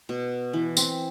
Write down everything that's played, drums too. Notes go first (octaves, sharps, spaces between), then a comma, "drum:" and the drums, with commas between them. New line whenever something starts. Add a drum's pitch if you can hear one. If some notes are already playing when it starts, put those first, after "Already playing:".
B2
E3
C4, drum: tambourine